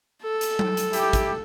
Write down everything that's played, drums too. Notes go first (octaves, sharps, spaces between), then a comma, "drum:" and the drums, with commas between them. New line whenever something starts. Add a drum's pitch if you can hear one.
A4
drum: hi-hat
drum: tom F#3
drum: hi-hat
E4 G4, drum: hi-hat
drum: kick, hi-hat